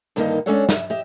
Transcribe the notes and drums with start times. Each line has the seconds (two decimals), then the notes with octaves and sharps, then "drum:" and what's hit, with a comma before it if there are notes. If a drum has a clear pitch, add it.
0.16 G2 D3 D#3 A#3 B3 D#4
0.46 G#3 C#4 D4 A4 C#5 F#5
0.69 E5, drum: snare
0.90 G4 D#5 E5